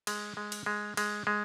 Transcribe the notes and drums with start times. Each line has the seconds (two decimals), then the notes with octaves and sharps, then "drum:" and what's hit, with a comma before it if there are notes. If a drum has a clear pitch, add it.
0.07 G#3, drum: cymbal
0.37 G#3
0.52 drum: cymbal
0.66 G#3
0.97 G#3, drum: cymbal
1.27 G#3